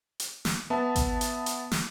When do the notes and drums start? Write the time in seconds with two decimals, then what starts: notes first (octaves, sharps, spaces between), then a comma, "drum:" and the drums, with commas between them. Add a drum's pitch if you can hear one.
0.20 drum: hi-hat
0.45 drum: snare
0.70 B3 E5 A5
0.96 drum: kick G#1, hi-hat
1.21 drum: hi-hat
1.46 drum: hi-hat
1.72 drum: snare